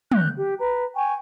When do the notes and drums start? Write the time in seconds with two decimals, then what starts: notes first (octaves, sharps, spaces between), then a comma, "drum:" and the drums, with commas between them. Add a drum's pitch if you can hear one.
0.12 F#6 G6, drum: tom
0.37 G4
0.60 B4 A#5
0.95 G5 G#5 C#6